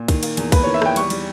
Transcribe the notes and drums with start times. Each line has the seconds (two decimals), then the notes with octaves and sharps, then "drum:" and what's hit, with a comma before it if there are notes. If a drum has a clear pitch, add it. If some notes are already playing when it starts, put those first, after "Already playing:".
Already playing: A#2
0.08 D#3, drum: kick, cymbal
0.23 A#3, drum: cymbal
0.37 E2, drum: cymbal
0.52 A#3 B4, drum: kick, cymbal
0.63 D#3 C#5
0.74 E5
0.82 E2 G5, drum: rim click
0.96 G3 C#6, drum: cymbal
1.10 G3, drum: cymbal